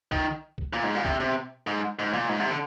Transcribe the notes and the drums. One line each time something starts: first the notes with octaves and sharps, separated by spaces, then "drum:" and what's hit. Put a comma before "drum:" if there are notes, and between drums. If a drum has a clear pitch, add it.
D#3, drum: kick B1
drum: kick B1
A#2
G#2
A#2
C3, drum: kick B1
C3, drum: tom B2
G#2
G#2
A#2, drum: tom B2
G#2
C3
D3